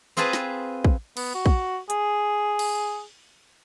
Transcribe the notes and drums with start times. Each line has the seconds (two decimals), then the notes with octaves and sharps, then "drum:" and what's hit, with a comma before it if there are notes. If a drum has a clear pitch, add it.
0.17 C4 F4 G#4 B4 A5
0.33 drum: snare
0.85 drum: kick
1.17 B3, drum: cymbal
1.35 F#4
1.46 drum: kick
1.90 G#4, drum: hi-hat
2.59 drum: cymbal